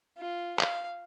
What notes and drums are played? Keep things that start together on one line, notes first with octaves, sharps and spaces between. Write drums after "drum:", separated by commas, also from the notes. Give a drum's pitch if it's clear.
F4
F5, drum: clap